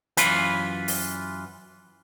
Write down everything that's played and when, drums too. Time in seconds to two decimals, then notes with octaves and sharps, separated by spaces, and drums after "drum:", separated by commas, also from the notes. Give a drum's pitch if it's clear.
0.17 F#2 E3 F4 B4, drum: hi-hat
0.88 drum: open hi-hat